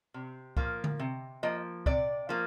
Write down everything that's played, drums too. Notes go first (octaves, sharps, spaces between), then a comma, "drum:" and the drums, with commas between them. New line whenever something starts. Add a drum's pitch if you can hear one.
C3
F3 A#3, drum: kick
drum: tom D3
C3
F3 A#3 D#5
C3 D5, drum: kick
F3 A#3